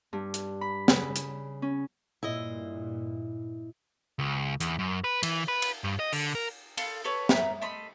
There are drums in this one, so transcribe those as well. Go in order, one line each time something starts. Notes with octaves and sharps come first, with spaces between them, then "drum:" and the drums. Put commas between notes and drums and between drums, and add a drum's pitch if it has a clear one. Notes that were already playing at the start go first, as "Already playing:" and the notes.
G2
drum: hi-hat
B5
C#3, drum: snare
drum: hi-hat
C#4
G2 A#2 E4 D#5
C#2
E2, drum: hi-hat
F#2
B4
E3, drum: cymbal
B4
drum: cymbal
G2
D#5
D3, drum: open hi-hat
A#4
A4 F5 B5 C6, drum: cymbal
A4 B4 C#5 A5
E5 A#5 B5, drum: snare
A3 D#5 B5 C6